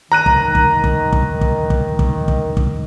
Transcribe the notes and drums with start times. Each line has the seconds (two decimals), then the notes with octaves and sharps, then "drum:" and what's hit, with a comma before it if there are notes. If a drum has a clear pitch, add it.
0.12 D#3 A#5 F#6 D#7
0.26 drum: kick
0.55 drum: kick
0.84 drum: kick
1.12 drum: kick
1.41 drum: kick
1.70 drum: kick
1.99 drum: kick
2.28 drum: kick
2.57 drum: kick